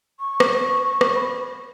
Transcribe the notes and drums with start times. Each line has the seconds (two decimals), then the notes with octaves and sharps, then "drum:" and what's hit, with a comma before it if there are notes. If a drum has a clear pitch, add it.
0.20 C#6
0.40 drum: rim click
1.01 drum: rim click
1.15 B5